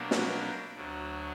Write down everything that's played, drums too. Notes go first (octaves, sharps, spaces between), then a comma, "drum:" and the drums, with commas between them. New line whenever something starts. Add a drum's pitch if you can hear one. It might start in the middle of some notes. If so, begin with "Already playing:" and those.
Already playing: B2 F#3 A#3 D4 G4
drum: snare
D2 D3 F#3